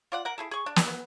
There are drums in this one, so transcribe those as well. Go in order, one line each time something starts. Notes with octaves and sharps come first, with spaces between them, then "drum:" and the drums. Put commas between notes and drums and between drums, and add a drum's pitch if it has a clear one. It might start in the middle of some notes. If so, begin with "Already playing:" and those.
F4 D5 F#5
A#4 F#5
E4 G#4 A4
G#4 C#6
D4
drum: snare
B3